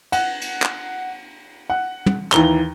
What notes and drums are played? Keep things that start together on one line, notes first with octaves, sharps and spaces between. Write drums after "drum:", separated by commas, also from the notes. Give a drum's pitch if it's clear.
F#5, drum: cymbal
drum: cymbal
drum: clap
F#5
drum: tom
D#2 E3 A#5 G7, drum: clap